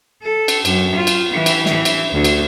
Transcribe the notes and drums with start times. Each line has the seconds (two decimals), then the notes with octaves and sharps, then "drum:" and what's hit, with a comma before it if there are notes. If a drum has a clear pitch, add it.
0.22 A4
0.48 drum: cymbal
0.65 F#2, drum: cymbal
0.95 F4
1.07 drum: cymbal
1.31 E3
1.46 drum: cymbal
1.66 E3, drum: snare
1.85 drum: cymbal
2.12 D2
2.24 drum: cymbal